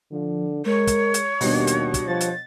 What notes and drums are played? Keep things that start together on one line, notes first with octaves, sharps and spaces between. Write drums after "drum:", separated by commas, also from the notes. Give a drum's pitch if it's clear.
D3 F3
G#3 A#4 C#5
drum: kick, hi-hat
drum: hi-hat
D#2 B2 G3 D4 F#4, drum: open hi-hat
drum: hi-hat
drum: kick, hi-hat
F3 A6
drum: hi-hat